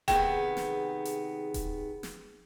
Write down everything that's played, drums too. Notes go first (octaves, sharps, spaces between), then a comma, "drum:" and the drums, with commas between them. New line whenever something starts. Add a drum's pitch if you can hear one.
C3 D#3 B3 G#4 G5, drum: kick D#1, hi-hat
drum: snare
drum: hi-hat
drum: kick D#1, hi-hat
drum: snare